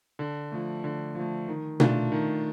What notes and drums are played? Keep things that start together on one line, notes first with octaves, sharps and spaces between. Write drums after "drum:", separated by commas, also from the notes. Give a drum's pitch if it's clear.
D3
F3 A3
D3
F3
A3
D#3
A3 D4 F4, drum: tom B2
D#3